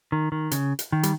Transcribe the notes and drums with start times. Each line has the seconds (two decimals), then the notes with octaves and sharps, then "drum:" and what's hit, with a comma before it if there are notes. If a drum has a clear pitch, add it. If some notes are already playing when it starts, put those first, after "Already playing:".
0.12 D#3
0.32 D#3
0.51 C#3, drum: hi-hat
0.79 drum: hi-hat
0.92 D#3
1.03 G3, drum: hi-hat